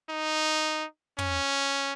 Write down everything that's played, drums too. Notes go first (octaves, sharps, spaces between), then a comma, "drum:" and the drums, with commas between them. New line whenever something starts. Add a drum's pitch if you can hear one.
D#4
C#4, drum: tom